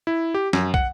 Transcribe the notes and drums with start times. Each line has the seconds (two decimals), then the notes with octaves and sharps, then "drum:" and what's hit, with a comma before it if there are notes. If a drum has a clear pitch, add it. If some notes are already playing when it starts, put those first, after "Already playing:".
0.07 E4
0.34 G4
0.53 F#2, drum: snare
0.74 F#5, drum: kick